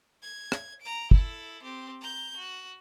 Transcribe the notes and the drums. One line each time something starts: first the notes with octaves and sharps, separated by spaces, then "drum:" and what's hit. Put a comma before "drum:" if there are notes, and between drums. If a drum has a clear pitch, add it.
G#6
drum: rim click
A#5 D7
E4 A4, drum: kick
C4 G4
A#5 G6
F#4